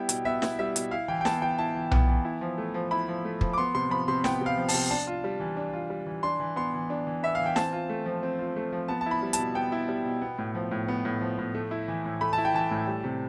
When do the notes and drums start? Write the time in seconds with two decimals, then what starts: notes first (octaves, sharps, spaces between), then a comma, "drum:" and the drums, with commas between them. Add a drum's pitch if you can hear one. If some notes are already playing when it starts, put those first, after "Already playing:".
Already playing: G3 B3 E4 G5
0.09 B2, drum: hi-hat
0.25 B3 E5
0.42 E4, drum: snare
0.59 G3 E5
0.76 B2, drum: hi-hat
0.91 E4 F5
1.08 E3 G5
1.21 G5
1.25 B3 A5, drum: snare
1.41 E3 G5
1.59 E4 A5
1.75 E3
1.91 B3, drum: tom B1
2.08 E3
2.25 E4
2.41 F3
2.58 A3
2.74 F3
2.91 E4 B5
3.08 F3
3.25 A3
3.41 F3, drum: kick
3.53 D6
3.58 B3 C6
3.75 C3 C6
3.90 F3 B5
4.08 C3 C6
4.24 B3 G5, drum: snare
4.41 C3
4.46 F5
4.57 F3
4.68 A5, drum: open hi-hat
4.74 C3
4.90 D4 A5
5.07 F4
5.24 G3
5.40 E3
5.57 D4
5.73 F4
5.90 G3
6.06 E3
6.23 D4 C6
6.40 E3
6.56 B3 C6
6.74 E3
6.90 D4
7.07 E3
7.23 B3 E5
7.35 E3 F5
7.46 G5
7.56 C4 A5, drum: snare
7.73 F4
7.89 A3
8.06 F3
8.23 C4
8.39 F4
8.56 A3
8.72 F3
8.88 B3 A5
9.01 A5
9.06 E4 B5
9.22 G3
9.33 A5, drum: hi-hat
9.39 B2
9.55 B3 G5
9.72 E4
9.89 G3
10.05 B2
10.22 B3
10.38 A2
10.55 F3
10.71 A2
10.88 B3
11.05 A2
11.21 F3
11.38 A2
11.54 A3
11.71 E4
11.88 E3
12.05 A2
12.21 A3 B5
12.33 E4 A5
12.45 G5
12.54 E3 A5
12.71 A2
12.87 G3
13.04 C3